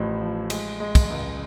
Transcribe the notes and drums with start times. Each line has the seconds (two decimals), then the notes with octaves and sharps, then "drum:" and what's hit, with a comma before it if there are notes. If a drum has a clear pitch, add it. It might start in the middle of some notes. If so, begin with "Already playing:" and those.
Already playing: A1 A2 F3
0.20 F3
0.50 G#3, drum: cymbal
0.80 G#3
0.95 drum: kick, cymbal
1.10 C#2